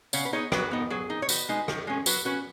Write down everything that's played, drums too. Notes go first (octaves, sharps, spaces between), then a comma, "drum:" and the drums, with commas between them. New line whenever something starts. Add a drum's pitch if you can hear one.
C#3 C#5 F#5, drum: tambourine
B4
B3 D#4 G#4 C#5
F#3 F#4 B4, drum: rim click
B3 D#4
F#3 G#4
D#4
C#5
D#3 F#4 B4, drum: tambourine
G#3 D#4
D#3, drum: rim click
G#3 C#4
F#3 F#4 B4, drum: tambourine
C#4 F#4 B4